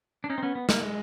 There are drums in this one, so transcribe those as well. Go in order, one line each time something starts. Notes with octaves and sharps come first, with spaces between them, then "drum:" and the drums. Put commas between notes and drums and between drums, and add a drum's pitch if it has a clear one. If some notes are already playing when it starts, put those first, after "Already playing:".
D4
C#4 D#4
C4
B3 C#4
B3
A#3, drum: snare
G#3